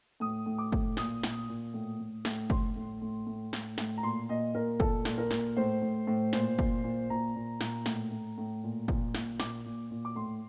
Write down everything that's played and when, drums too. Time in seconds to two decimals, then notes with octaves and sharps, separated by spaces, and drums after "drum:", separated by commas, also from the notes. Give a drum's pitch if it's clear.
0.20 A2 D#6
0.46 A2
0.58 D6
0.72 A2, drum: kick
0.97 A#2 D#6, drum: snare
1.23 A#2, drum: snare
1.49 A#2
1.74 A2
2.00 A2
2.25 A2, drum: snare
2.50 A2 C6, drum: kick
2.76 A2
3.02 A2
3.27 A2
3.53 A2, drum: snare
3.78 A2, drum: snare
3.97 A#5
4.03 A#2 C6
4.29 A#2 D#5
4.55 A#2 A#4
4.80 A#2 A4, drum: kick
5.05 A#2, drum: snare
5.18 A#4
5.31 A#2, drum: snare
5.57 A2 C5
5.82 A2
6.07 A2
6.33 A#2 C5, drum: snare
6.59 A#2, drum: kick
6.84 A#2
7.10 A#2 A#5
7.35 A#2
7.61 A#2, drum: snare
7.86 A2, drum: snare
8.11 A2
8.38 A2
8.63 A#2
8.88 A#2, drum: kick
9.15 A#2, drum: snare
9.40 A#2 D6, drum: snare
9.65 A#2
9.91 A#2
10.05 D6
10.16 A2 C6